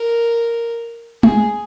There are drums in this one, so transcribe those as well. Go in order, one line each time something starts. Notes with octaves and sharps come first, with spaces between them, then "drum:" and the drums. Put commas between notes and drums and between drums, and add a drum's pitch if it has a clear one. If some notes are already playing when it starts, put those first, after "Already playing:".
Already playing: A#4
G#4, drum: tom G#3